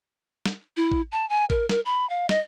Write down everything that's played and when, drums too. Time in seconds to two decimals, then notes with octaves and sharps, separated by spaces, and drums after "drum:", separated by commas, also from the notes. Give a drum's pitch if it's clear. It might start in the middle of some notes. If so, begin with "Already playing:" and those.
0.46 drum: snare
0.77 E4
0.91 drum: kick A1
1.12 A5
1.29 G#5
1.50 A#4, drum: kick A1
1.69 A#4, drum: snare
1.86 B5
2.10 F5
2.29 D#5, drum: snare